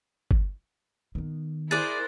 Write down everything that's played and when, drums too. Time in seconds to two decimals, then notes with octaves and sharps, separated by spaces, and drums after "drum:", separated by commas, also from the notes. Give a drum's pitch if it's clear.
0.31 drum: kick
1.15 D#3 B3
1.71 E4 G#4 A#4 C5 D5 F#6 A6